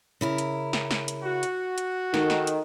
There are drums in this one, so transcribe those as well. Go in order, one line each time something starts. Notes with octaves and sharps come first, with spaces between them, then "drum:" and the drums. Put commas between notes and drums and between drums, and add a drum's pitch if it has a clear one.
C#3 E4 A#4
drum: hi-hat
drum: snare
drum: snare
drum: hi-hat
F#4
drum: hi-hat
drum: hi-hat
D#3 A4, drum: snare
drum: snare
drum: hi-hat